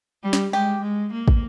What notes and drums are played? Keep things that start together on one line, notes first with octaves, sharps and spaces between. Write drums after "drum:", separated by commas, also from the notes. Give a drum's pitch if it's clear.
G3
drum: snare
G#3 G4
G#3
A#3
drum: kick